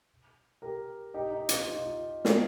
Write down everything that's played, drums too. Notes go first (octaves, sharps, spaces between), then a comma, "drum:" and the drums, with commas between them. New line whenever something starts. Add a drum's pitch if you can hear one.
G4 A#4
D#4 G4
D#4
F4, drum: hi-hat
F4
D#4
F4
drum: snare